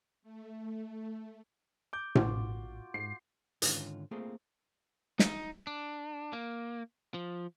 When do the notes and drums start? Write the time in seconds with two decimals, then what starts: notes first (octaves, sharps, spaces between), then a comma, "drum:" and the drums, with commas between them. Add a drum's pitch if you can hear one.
0.22 A3
1.93 D6 G6
2.15 A1 F4 F#4 D5, drum: tom A2
2.94 G#2 C7
3.62 G#2 D3 D#3 C#4 F4, drum: hi-hat
4.11 A3 A#3 C4 F4 G#4 A4
5.19 D#4, drum: snare
5.67 D4
6.33 A#3
7.14 F3